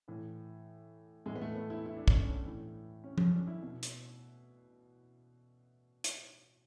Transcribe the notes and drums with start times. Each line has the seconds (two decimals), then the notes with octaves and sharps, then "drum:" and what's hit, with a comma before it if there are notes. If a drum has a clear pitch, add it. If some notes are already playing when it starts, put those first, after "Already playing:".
0.08 A2 E3
1.26 A2 E3 G#3
1.35 B3
1.41 A3
1.55 B3
1.70 E4
1.86 E4
1.97 D4
2.08 C#4, drum: kick
2.20 D4
2.45 A2 E3
3.04 C#4
3.18 C#4, drum: tom F3
3.33 D4
3.47 E4
3.63 B2
3.83 drum: hi-hat
6.04 drum: hi-hat